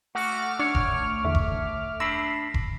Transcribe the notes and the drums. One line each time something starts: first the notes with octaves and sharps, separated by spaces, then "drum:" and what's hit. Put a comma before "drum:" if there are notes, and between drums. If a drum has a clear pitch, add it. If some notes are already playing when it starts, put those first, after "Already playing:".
A3 F#4 F#5 D6 F6
D4 C#5
drum: kick E1
E2 D3 E5
drum: kick E1
D4 B5 E6 A#6 C7
drum: kick E1